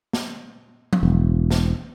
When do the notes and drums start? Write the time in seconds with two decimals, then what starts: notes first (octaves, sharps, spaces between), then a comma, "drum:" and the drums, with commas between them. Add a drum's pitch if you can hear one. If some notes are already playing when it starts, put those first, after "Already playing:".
0.13 drum: snare
0.93 drum: tom F3
1.03 E1
1.51 drum: snare